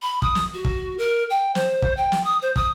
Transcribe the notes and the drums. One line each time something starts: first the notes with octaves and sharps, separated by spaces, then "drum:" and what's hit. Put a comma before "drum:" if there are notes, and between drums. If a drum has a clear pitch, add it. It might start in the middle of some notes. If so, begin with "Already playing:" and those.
B5
D#6, drum: kick
drum: snare
F#4
drum: kick
A#4
G5
C5, drum: snare
drum: kick
G5
drum: snare
D#6
C5
D#6, drum: kick